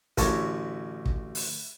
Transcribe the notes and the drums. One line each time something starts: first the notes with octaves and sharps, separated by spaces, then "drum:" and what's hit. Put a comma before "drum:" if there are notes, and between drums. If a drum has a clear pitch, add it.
A1 D2 C#5 A5, drum: kick, hi-hat
drum: kick
drum: open hi-hat